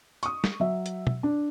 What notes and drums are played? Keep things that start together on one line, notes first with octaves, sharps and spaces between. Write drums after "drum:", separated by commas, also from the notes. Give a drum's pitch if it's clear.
C#6 D#6, drum: hi-hat
drum: snare
F#3 E5
drum: hi-hat
drum: tom
D4